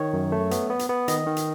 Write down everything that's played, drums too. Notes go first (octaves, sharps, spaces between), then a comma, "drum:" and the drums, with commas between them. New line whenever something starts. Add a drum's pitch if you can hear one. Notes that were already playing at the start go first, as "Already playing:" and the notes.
Already playing: D#3 C#5
F#2
A3
B3, drum: hi-hat
B3
drum: hi-hat
B3
D#3 D#5, drum: hi-hat
D#3
drum: hi-hat